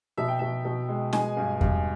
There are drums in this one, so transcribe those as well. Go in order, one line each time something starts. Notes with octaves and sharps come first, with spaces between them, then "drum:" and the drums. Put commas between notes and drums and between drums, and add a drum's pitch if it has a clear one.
B2 E5
G5
B2 E5
B2
G#3
G#3 G#5, drum: snare
G2
G2, drum: kick E2